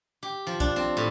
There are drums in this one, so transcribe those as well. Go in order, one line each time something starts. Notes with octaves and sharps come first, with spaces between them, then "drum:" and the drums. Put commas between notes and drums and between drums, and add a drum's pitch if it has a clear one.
G4
F3
D4, drum: kick A#1, hi-hat
C4
A2